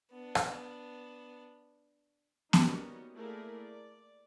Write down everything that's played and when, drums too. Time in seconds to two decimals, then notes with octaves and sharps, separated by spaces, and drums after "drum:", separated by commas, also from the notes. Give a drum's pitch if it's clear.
0.11 B3 D4
0.35 drum: rim click
2.53 G3 A#3 B3 C#4 D#4 F#4, drum: snare B3
3.14 A3 A#3 E4 G#4 A#4 D5
3.57 D5